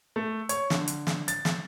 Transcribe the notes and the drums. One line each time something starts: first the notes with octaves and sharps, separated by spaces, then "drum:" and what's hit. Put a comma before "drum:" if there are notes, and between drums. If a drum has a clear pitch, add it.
A3
C#5, drum: hi-hat
D3, drum: snare
drum: hi-hat
drum: snare
A6, drum: hi-hat
drum: snare